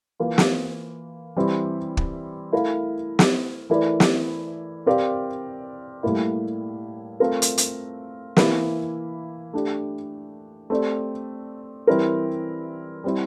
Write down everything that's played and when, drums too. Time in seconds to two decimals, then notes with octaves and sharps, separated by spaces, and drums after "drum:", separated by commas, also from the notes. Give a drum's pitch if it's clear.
0.20 E3 A#3 F4
0.38 drum: snare
1.36 E3 G3 C4 E4
1.97 drum: kick
2.53 A3 E4 A#4 F5
3.19 drum: snare
3.70 E3 A3 E4 A#4 D5
4.00 drum: snare
4.86 C4 G4 A#4 D5 F5
6.03 A2 G3 A#3 E4
7.20 A3 C4 F4 A#4
7.42 drum: hi-hat
7.58 drum: hi-hat
8.37 E3 A#3 E4, drum: snare
9.53 A3 D4 G4
10.70 A3 C4 G4 D5
11.87 E3 G3 C4 E4 A#4
13.04 G3 C4 E4